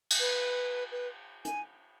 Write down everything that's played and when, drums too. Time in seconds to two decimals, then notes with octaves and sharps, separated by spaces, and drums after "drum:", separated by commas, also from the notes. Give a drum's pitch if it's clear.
0.10 drum: cymbal
0.20 B4
0.92 B4
1.45 G#5, drum: hi-hat